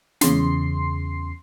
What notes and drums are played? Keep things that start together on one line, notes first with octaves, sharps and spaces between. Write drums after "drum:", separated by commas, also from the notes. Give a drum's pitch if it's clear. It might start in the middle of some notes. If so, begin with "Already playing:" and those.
E2 C#3 C6 C7, drum: snare